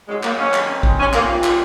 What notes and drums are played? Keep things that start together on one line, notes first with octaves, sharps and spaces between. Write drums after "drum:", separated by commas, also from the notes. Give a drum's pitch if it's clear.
F#2 G#3
F#2 A#3, drum: clap
D#3 C#4
D#3, drum: clap
C4
G#3, drum: kick
C3 C#4
A#3 F4, drum: clap
F3
F3, drum: clap